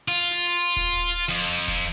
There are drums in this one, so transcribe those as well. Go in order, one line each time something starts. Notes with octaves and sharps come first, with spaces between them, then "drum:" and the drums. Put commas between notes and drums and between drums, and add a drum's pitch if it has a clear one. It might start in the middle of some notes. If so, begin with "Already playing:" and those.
F4
drum: snare
drum: kick D#1
F2
drum: kick D#1